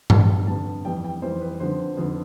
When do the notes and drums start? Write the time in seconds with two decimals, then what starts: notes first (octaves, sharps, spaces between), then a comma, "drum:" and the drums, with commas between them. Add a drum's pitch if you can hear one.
0.10 F2 D3 G3 B3 A5, drum: tom G2
0.47 F2 D3 G3 B3 A5
0.85 F2 E3 G3 B3 G5
1.05 G5
1.22 F2 E3 G3 B3 C5
1.41 B4
1.60 F2 D3 F3 B3 C5
1.97 F2 D3 F3 B3